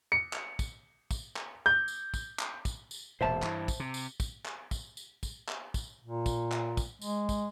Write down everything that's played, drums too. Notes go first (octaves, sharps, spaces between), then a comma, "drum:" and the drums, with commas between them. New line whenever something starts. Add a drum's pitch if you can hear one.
C#7
drum: clap
drum: kick, tambourine
drum: kick, tambourine
drum: clap
G6
drum: tambourine
drum: kick, tambourine
drum: clap
drum: kick, tambourine
drum: tambourine
E1 A#2 C5 E5 A5
G2 E3, drum: clap
drum: kick, tambourine
C3
drum: tambourine
drum: kick, tambourine
drum: clap
drum: kick, tambourine
drum: tambourine
drum: kick, tambourine
drum: clap
drum: kick, tambourine
A#2
drum: kick, tambourine
drum: clap
drum: kick, tambourine
G#3, drum: tambourine
drum: kick, tambourine